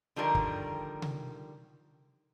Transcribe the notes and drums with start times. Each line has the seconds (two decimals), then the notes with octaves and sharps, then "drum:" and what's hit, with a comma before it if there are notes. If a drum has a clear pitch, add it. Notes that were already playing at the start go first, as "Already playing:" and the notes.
0.16 D3 D#3 F3 G3 A#4
0.35 drum: kick
1.02 drum: tom C3